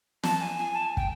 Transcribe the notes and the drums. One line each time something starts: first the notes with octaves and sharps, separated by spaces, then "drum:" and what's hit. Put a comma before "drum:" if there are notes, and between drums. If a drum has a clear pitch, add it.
A5, drum: snare
G#5
G#5
A5
G5, drum: kick